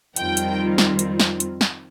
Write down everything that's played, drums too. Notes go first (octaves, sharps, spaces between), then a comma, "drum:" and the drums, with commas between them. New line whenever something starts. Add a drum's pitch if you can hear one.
F2 D#3 G3 C4 F4 G5, drum: hi-hat
drum: hi-hat
drum: snare
drum: hi-hat
drum: snare
drum: hi-hat
drum: snare